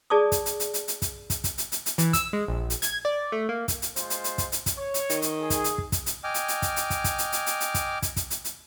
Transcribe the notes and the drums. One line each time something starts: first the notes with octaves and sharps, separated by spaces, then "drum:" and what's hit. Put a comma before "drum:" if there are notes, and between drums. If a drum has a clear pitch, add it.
G#4 D5 A5 D6 D#6
drum: kick, hi-hat
drum: hi-hat
drum: hi-hat
drum: hi-hat
drum: hi-hat
drum: kick, hi-hat
drum: kick, hi-hat
drum: kick, hi-hat
drum: hi-hat
drum: hi-hat
drum: hi-hat
E3, drum: hi-hat
E6, drum: kick, hi-hat
G#3
A#1
drum: hi-hat
G#6, drum: hi-hat
D5
A3
A#3
drum: kick, hi-hat
drum: hi-hat
G#3 F4 C5, drum: hi-hat
drum: hi-hat
drum: hi-hat
drum: kick, hi-hat
drum: hi-hat
drum: kick, hi-hat
C#5
drum: hi-hat
D#3, drum: hi-hat
drum: hi-hat
G#4
drum: kick, hi-hat
drum: hi-hat
drum: kick
drum: kick, hi-hat
drum: hi-hat
D#5 G5 G#5 D6 F6
drum: hi-hat
drum: hi-hat
drum: kick, hi-hat
drum: hi-hat
drum: kick, hi-hat
drum: kick, hi-hat
drum: hi-hat
drum: hi-hat
drum: hi-hat
drum: hi-hat
drum: kick, hi-hat
drum: kick, hi-hat
drum: kick, hi-hat
drum: hi-hat
drum: hi-hat